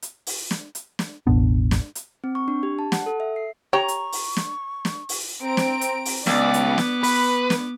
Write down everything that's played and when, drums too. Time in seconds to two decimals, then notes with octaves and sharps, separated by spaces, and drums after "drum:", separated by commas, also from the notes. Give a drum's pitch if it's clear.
0.02 drum: hi-hat
0.27 drum: open hi-hat
0.51 drum: snare
0.75 drum: hi-hat
0.99 drum: snare
1.27 E1 A1 B3 D4
1.71 drum: snare
1.95 drum: hi-hat
2.24 C4
2.35 C#6
2.48 D4
2.63 G4
2.79 A5
2.92 F#5, drum: snare
3.06 A4
3.20 E5
3.36 C7
3.73 G4 C#5 A#5 C#6
3.88 drum: hi-hat
4.12 drum: open hi-hat
4.37 drum: snare
4.85 drum: snare
5.09 drum: open hi-hat
5.42 C4 A#5 D7
5.57 drum: snare
5.81 drum: hi-hat
6.05 drum: open hi-hat
6.27 C#2 B3 D5 D6, drum: snare
6.54 drum: hi-hat
6.78 drum: snare
7.03 B4 B5, drum: open hi-hat
7.50 drum: snare